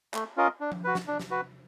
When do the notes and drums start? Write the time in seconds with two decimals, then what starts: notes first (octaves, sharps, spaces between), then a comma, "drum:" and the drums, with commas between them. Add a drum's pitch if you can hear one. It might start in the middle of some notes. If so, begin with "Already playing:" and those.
0.14 A3, drum: clap
0.37 C#4 F4 A#4 D#5
0.61 D4
0.72 drum: tom F3
0.84 F#4 B4
0.95 drum: snare
1.08 D4
1.19 drum: snare
1.31 F#4 B4